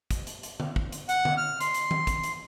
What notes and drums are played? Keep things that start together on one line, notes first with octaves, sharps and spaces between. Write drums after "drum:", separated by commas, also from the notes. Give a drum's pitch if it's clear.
drum: kick, hi-hat
drum: hi-hat
drum: hi-hat
drum: tom D3
drum: kick
drum: hi-hat
F#5, drum: hi-hat
drum: tom D3
F6
C6, drum: hi-hat
drum: hi-hat
drum: tom D#3
drum: kick, hi-hat
drum: hi-hat